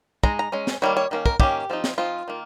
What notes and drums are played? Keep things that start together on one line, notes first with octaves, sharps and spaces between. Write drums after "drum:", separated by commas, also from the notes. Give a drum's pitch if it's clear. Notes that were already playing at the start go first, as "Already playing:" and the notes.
G#3 D#4 A#5, drum: kick
A#5
G#3 C#4
drum: snare
D#3 G3 A#3 C#5
C#5
D#3 A#3 C#4
A#4, drum: kick
D#3 A#3 C#4 G4, drum: kick
F3 C4 D#4
drum: snare
F3 C4 D#4 F4
D#3 A#3